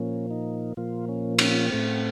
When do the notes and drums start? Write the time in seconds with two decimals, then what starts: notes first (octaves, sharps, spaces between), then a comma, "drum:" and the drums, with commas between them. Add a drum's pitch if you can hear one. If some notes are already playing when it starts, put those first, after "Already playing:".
Already playing: A#2 F3 A#3 C#4
0.31 D#4
0.77 A#2 F3 A#3 F4
1.09 C#4
1.39 C#4, drum: cymbal
1.71 A2 A3 C4